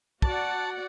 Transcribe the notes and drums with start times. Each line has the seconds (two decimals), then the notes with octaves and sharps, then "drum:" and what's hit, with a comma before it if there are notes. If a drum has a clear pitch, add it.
0.22 F#4 D5 F#5 A5, drum: kick